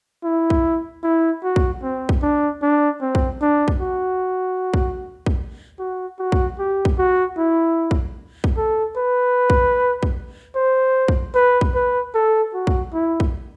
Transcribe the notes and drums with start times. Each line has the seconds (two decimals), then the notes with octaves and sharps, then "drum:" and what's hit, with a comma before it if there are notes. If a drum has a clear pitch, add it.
0.24 E4
0.50 drum: kick
1.03 E4
1.43 F#4
1.56 drum: kick
1.83 C4
2.09 drum: kick
2.22 D4
2.62 D4
3.01 C4
3.15 drum: kick
3.41 D4
3.68 drum: kick
3.81 F#4
4.74 drum: kick
5.26 drum: kick
5.79 F#4
6.19 F#4
6.32 drum: kick
6.59 G4
6.85 drum: kick
6.98 F#4
7.38 E4
7.91 drum: kick
8.44 drum: kick
8.57 A4
8.97 B4
9.50 drum: kick
10.03 drum: kick
10.56 C5
11.08 drum: kick
11.35 B4
11.61 drum: kick
11.74 B4
12.14 A4
12.54 F#4
12.67 drum: kick
12.93 E4
13.20 drum: kick